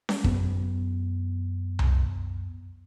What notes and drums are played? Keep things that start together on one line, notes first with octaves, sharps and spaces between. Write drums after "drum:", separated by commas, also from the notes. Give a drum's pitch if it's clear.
drum: snare C#4
F#2 B3, drum: kick
drum: tom C2